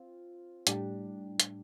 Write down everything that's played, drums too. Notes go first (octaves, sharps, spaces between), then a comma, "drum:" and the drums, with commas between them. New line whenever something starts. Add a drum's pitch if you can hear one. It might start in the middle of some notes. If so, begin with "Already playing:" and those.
Already playing: C4 F4
A2 G3 D4 G4, drum: hi-hat
drum: hi-hat